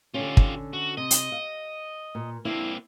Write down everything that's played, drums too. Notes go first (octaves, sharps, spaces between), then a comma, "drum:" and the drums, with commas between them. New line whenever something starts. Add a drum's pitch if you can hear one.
D3 C#4 F4 G4
drum: kick
F#4
C3 D#5
drum: hi-hat
F5
A#2
A#3 C4 D4 E4